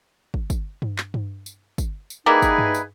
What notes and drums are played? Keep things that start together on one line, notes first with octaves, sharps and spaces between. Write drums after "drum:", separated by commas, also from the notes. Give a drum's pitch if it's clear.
drum: kick
drum: kick, tambourine
drum: tom G2
drum: clap
drum: tom G2
drum: tambourine
drum: kick, tambourine
drum: tambourine
G3 A#3 D#4 E4 G#4 B4
drum: kick, tambourine
drum: tom G2
drum: tambourine